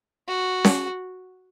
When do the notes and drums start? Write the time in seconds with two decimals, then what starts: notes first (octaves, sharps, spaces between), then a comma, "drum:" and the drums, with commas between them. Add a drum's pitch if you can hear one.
0.28 F#4
0.64 drum: snare C#4